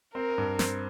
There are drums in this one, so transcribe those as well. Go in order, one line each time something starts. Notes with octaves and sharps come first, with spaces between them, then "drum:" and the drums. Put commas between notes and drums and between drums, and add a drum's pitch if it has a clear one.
C4 A#4
G2
C4, drum: snare